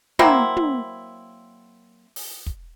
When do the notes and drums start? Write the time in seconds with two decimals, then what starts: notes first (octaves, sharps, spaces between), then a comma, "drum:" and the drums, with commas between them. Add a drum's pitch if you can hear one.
0.19 F#3 A#3 C4 E4, drum: tom
0.57 drum: tom
2.16 drum: open hi-hat
2.46 drum: kick